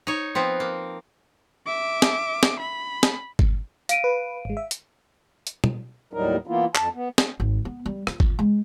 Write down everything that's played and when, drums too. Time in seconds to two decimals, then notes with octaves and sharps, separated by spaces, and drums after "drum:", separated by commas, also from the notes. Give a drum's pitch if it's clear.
0.07 D#4 C#5
0.35 F3 B3 C4
0.60 A#3
1.66 E5 D6
2.02 drum: snare
2.43 drum: snare
2.60 B5
3.03 drum: snare
3.39 drum: kick G1
3.89 F5 D7 D#7, drum: hi-hat
4.04 B4
4.45 G#1 G#3
4.57 E5
4.71 drum: hi-hat
5.47 drum: hi-hat
5.64 drum: tom
6.13 D#2 A2 F#3 G3 D#4 A#4
6.47 E3 A#3 B3 E4 F4
6.75 F2 A5, drum: clap
6.94 B3
7.18 drum: snare
7.40 G#1
7.65 B3
7.86 G3
8.07 F4, drum: rim click
8.20 drum: kick G1
8.39 G#3